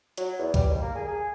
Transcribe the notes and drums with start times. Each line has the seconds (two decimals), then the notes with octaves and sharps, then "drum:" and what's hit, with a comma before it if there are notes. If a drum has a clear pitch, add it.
0.17 F#3, drum: hi-hat
0.39 E2
0.54 G3, drum: kick, hi-hat
0.70 D#2
0.82 A#3
0.95 G#4
1.08 G#4